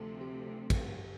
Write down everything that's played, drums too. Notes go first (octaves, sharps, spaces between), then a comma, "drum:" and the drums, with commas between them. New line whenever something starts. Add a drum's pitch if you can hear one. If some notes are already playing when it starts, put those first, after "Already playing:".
Already playing: D2 C3 F3 A3 C4 A4
G4
drum: kick, cymbal